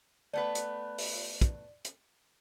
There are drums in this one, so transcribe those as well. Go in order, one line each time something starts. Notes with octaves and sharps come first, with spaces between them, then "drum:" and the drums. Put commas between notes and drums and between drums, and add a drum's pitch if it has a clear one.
A3 B3 B4 D5
drum: hi-hat
drum: open hi-hat
drum: kick, hi-hat
drum: hi-hat